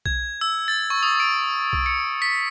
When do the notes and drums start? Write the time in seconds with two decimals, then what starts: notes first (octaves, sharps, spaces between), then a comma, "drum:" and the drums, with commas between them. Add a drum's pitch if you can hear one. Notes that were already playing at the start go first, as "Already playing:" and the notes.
0.06 G#6, drum: kick B1
0.41 E6
0.68 A6
0.90 C#6
1.03 D#6
1.20 D7
1.73 drum: kick B1
1.86 C#7
2.22 B6